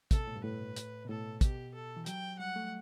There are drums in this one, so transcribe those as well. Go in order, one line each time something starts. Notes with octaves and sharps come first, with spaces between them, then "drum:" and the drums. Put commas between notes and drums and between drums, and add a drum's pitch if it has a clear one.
C3 A4, drum: kick, hi-hat
B2
A2
G2
A2 B4
drum: hi-hat
B2
A2 A4
B2 G4, drum: kick, hi-hat
A4
E3
F#3 G5, drum: hi-hat
G3 F#5
A3